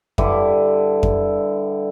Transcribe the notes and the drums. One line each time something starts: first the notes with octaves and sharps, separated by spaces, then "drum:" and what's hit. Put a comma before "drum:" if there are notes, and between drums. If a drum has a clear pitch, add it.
G2 D3 E4, drum: kick F2
drum: kick F2